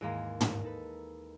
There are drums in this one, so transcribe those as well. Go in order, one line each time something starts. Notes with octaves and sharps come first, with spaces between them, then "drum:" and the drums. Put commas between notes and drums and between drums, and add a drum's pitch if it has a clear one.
D#2 G#2 E3 G#3 A#3
drum: tom
D#4 A4 B4